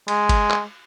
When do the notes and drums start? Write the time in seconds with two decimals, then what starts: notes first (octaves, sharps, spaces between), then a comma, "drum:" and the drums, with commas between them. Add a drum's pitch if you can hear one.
0.08 G#3, drum: cymbal
0.29 drum: kick G1, cymbal
0.51 drum: clap